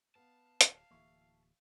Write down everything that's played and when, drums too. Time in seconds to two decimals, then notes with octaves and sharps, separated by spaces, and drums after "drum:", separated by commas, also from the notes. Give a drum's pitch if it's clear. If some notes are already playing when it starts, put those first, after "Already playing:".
0.16 B3 F5 A5
0.61 D1 F5, drum: hi-hat
0.91 D1 E3 A#3 E5 C#6